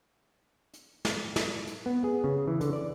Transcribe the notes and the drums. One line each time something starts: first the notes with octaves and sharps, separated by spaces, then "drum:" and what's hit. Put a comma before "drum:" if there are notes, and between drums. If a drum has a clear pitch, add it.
drum: hi-hat
drum: snare
drum: snare
drum: hi-hat
B3
G#4
C#3
E3
D3, drum: hi-hat
D5